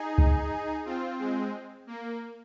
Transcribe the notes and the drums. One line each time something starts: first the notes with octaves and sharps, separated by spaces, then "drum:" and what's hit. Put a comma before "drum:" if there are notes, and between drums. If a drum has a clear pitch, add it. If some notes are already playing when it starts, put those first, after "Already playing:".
Already playing: D#4 G#4
drum: kick C#2
C4 F4
G#3 C4
A#3